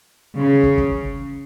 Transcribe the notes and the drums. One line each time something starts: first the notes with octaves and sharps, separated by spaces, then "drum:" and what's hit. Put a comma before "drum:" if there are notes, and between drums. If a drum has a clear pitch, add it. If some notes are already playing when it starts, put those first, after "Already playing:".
C#3
drum: kick
drum: kick